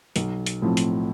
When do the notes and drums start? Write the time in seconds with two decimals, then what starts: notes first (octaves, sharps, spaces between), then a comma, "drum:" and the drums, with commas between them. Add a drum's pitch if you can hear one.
0.16 B1, drum: hi-hat
0.46 drum: hi-hat
0.62 A2 F3 C4
0.77 drum: hi-hat